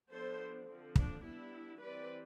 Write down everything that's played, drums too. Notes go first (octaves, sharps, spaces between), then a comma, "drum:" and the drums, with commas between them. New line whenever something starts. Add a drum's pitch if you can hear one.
F3 B3 D4 A4 C5
D3 F3 C4
D4, drum: kick
G3 B3 D4 E4
E3 G3 C4 B4 D5